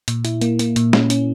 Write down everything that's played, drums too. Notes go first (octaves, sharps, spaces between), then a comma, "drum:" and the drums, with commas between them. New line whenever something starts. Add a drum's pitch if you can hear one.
A#2, drum: hi-hat
E4, drum: hi-hat
A#3, drum: hi-hat
A#3, drum: hi-hat
A#2, drum: hi-hat
C#4, drum: snare
C#4, drum: hi-hat